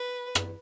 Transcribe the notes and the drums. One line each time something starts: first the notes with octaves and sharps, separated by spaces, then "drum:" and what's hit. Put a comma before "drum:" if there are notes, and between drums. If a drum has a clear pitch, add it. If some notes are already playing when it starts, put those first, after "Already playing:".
Already playing: B4
drum: rim click